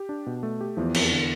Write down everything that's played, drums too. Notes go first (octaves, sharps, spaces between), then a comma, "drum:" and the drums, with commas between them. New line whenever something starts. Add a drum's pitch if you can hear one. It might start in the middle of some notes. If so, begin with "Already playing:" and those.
Already playing: G4
D4
B2
A3
G4
E2 E3 F3
F2, drum: cymbal
D3